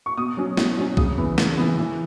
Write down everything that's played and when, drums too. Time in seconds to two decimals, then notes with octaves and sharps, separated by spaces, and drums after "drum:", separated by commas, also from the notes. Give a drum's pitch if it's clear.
0.06 C#6
0.17 B2 D#6
0.37 F#3 C#4
0.57 B2, drum: snare
0.77 F#3 C#4
0.97 C#3 D#6, drum: kick
1.18 E3 B3
1.38 C#3, drum: snare
1.57 E3 B3
1.78 E3